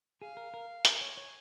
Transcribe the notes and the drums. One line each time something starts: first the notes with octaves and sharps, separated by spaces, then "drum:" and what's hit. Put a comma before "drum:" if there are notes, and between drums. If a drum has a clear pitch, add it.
G#4 F5
A#4
A#4
A#4 G#5, drum: hi-hat
C#5
C#5